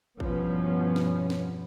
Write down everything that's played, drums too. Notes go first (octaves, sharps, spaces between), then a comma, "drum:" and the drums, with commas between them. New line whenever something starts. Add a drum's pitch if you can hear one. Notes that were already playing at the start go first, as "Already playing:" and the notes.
E2 G2 B2 F3 B3 C#4, drum: kick
drum: snare
drum: snare